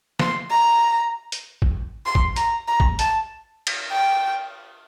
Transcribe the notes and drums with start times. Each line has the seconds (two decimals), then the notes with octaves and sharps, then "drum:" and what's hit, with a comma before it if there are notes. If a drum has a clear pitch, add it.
0.19 C6, drum: snare
0.51 A#5
1.32 drum: hi-hat
1.62 drum: kick
2.06 C6
2.15 drum: kick
2.36 A#5, drum: hi-hat
2.68 A#5
2.80 drum: kick
2.99 A5, drum: hi-hat
3.67 drum: cymbal
3.91 G5